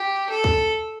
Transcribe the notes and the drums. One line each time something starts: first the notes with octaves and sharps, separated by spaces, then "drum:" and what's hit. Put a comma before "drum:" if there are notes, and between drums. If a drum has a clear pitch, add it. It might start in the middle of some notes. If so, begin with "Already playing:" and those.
Already playing: G4
A4
drum: kick